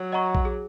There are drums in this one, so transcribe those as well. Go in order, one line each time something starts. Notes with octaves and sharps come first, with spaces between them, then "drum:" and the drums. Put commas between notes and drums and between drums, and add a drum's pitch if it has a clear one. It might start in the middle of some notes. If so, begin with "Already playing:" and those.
Already playing: F#3
D#5 F#5 A#5 C#6
drum: kick A#1
G#4